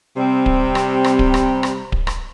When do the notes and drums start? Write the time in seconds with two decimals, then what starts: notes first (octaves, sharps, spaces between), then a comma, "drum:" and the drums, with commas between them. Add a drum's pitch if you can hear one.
0.17 C3 G3 C4
0.46 drum: kick D1
0.75 drum: rim click
1.04 drum: rim click
1.19 drum: kick D1
1.34 drum: rim click
1.63 drum: rim click
1.92 drum: kick D1
2.07 drum: rim click